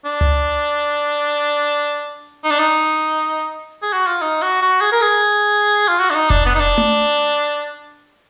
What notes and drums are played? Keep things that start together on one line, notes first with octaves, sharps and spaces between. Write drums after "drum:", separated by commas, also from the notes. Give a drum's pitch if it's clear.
D4
drum: tom C#2
drum: hi-hat
D#4, drum: hi-hat
D4
D#4
drum: open hi-hat
G#4
F#4
F4
D#4
F#4
F#4
G#4
A#4
G#4
drum: hi-hat
F4
F#4
D4
D#4
D4, drum: kick F1
B3, drum: hi-hat
D#4
D4
drum: tom A3